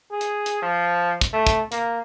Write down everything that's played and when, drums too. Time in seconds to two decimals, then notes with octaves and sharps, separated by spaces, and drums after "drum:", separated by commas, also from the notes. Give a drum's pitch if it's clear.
0.11 G#4
0.21 drum: hi-hat
0.46 drum: hi-hat
0.62 F3
1.21 drum: kick, hi-hat
1.33 A3
1.47 drum: kick, hi-hat
1.72 A#3, drum: hi-hat